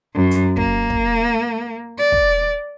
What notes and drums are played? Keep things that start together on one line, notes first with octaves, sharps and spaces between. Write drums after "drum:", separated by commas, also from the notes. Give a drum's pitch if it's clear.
F#2
drum: hi-hat
A#3, drum: kick
drum: kick
D5
drum: kick